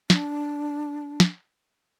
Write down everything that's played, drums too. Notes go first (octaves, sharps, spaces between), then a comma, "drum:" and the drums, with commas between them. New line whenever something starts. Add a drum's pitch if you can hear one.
D4, drum: snare
drum: snare